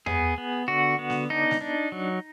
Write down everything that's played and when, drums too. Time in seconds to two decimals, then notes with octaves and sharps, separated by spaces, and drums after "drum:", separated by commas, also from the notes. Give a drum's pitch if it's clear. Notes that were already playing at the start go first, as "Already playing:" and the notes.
0.06 B3 G#4, drum: tom E2
0.38 B3
0.68 D3 F#4
0.99 B3
1.10 drum: snare
1.30 D4 D#4
1.51 drum: snare
1.61 D4
1.92 F#3